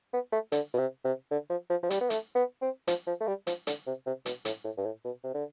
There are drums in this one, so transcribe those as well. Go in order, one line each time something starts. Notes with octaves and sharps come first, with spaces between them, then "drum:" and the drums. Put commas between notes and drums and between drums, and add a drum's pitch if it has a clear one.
B3
A3
D3, drum: hi-hat
B2
C3
C3
D3
F3
F3
F3
G3, drum: hi-hat
B3
A3, drum: hi-hat
B3
C4
F3, drum: hi-hat
F3
A3
G3
F3, drum: hi-hat
D3, drum: hi-hat
C3
C3
B2, drum: hi-hat
A2, drum: hi-hat
A2
G2
A2
B2
C3
D3